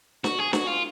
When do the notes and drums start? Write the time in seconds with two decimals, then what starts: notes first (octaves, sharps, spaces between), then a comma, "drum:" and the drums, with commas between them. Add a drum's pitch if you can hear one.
0.24 F#4, drum: snare
0.39 G#4
0.53 F#4, drum: snare
0.67 F4